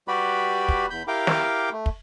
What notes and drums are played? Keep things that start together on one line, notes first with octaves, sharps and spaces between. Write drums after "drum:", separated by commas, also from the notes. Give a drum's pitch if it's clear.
G3 F#4 G4 B4 D5 B5
drum: kick
E2 B5 G6
E4 G4 A#4 F5 G5 D6
drum: snare
A3
drum: kick